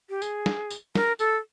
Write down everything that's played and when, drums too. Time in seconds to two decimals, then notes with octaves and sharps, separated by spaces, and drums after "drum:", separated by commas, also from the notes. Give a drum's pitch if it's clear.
0.09 G4
0.22 G#4, drum: tambourine
0.46 drum: snare
0.70 drum: tambourine
0.95 A#4, drum: snare
1.19 A4, drum: tambourine